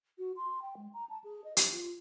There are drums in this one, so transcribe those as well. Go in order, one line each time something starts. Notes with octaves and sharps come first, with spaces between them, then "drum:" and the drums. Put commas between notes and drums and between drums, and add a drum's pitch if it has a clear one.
F#4
C6
G5
G#3
A#5
A5
G#4
D#5
G4, drum: hi-hat
F4